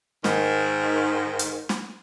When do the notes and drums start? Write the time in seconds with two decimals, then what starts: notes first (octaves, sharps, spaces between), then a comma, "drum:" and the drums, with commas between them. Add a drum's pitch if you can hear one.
0.24 G#2 D#3, drum: snare
1.39 drum: hi-hat
1.69 drum: snare